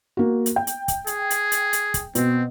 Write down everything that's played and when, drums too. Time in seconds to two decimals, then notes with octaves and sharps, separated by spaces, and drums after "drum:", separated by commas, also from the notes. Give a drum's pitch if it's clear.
0.17 A#3 F#4
0.46 drum: hi-hat
0.56 G5
0.67 drum: hi-hat
0.88 drum: kick, hi-hat
1.07 G#4, drum: hi-hat
1.30 drum: hi-hat
1.52 drum: hi-hat
1.73 drum: hi-hat
1.94 drum: kick, hi-hat
2.15 B2 C4, drum: hi-hat